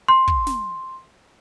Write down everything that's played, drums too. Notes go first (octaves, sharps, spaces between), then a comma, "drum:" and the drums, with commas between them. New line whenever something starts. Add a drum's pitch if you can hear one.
C6
drum: kick
drum: snare